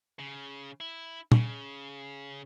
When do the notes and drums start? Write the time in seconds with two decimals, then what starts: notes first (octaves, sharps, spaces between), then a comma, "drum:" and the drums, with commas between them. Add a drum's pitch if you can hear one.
0.19 C#3
0.80 E4
1.32 C#3, drum: tom